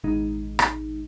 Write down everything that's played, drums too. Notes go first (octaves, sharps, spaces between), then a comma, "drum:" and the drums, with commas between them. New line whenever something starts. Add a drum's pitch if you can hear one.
A1 B2 D#3 G#3 D#4
drum: rim click